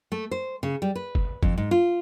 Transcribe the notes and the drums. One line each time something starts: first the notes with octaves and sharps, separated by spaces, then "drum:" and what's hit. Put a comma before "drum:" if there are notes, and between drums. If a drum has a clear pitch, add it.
A3
C5
C#3
G3
B4
drum: kick
F2, drum: kick
G#2
F4